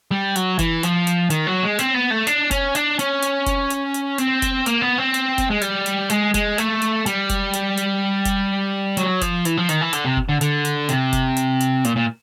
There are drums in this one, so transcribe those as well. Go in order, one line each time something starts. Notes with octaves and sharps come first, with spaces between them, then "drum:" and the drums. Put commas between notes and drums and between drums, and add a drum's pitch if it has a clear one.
G3
F#3, drum: hi-hat
E3, drum: kick F1, hi-hat
F3, drum: hi-hat
drum: hi-hat
D#3, drum: hi-hat
F#3
G#3
C4, drum: hi-hat
B3
A3
D4, drum: hi-hat
C#4, drum: kick F1, hi-hat
D4, drum: hi-hat
C#4, drum: hi-hat
drum: hi-hat
drum: kick F1, hi-hat
drum: hi-hat
drum: hi-hat
C4, drum: hi-hat
drum: kick F1, hi-hat
A#3, drum: hi-hat
B3
C4
drum: hi-hat
drum: kick F1, hi-hat
G#3
G3, drum: hi-hat
drum: hi-hat
G#3, drum: hi-hat
G#3, drum: kick F1, hi-hat
A3, drum: hi-hat
drum: hi-hat
G3, drum: hi-hat
drum: kick F1, hi-hat
drum: hi-hat
drum: hi-hat
drum: kick F1, hi-hat
F#3, drum: hi-hat
F3, drum: kick F1, hi-hat
E3, drum: hi-hat
F3
D#3, drum: hi-hat
E3
D3, drum: hi-hat
C3
drum: kick F1
D3
D3, drum: hi-hat
drum: hi-hat
C3, drum: hi-hat
drum: kick F1, hi-hat
drum: hi-hat
drum: hi-hat
A#2, drum: hi-hat
A#2